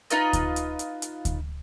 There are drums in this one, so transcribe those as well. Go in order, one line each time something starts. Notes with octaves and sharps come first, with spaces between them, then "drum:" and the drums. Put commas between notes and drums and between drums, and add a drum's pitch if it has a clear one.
D#4 F4 B4 D#5, drum: hi-hat
drum: kick D2, hi-hat
drum: hi-hat
drum: hi-hat
drum: hi-hat
drum: kick D2, hi-hat